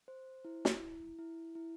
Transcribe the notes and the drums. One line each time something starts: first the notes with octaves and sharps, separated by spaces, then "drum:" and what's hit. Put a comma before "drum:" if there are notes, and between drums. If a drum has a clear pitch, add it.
C5
E4
drum: snare
E4
E4
E4